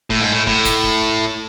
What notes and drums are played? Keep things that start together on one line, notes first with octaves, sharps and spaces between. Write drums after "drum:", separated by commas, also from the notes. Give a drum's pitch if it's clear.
A2, drum: kick
G#2
A2
A2, drum: kick
drum: kick, hi-hat
drum: kick